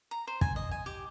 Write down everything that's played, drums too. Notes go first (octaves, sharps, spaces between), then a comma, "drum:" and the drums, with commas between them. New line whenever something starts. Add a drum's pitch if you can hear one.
A#5
C5
G#5, drum: kick
D#5
G#5
G4